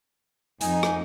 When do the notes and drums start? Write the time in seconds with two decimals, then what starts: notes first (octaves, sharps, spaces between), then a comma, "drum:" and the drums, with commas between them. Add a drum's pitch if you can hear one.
0.61 F2 D#4 G#5, drum: hi-hat
0.83 drum: rim click